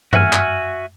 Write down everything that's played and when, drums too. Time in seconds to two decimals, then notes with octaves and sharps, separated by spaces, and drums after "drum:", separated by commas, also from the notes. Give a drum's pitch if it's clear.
0.13 F#4 E5 F#5 G#5 F6, drum: tom F#2
0.33 drum: clap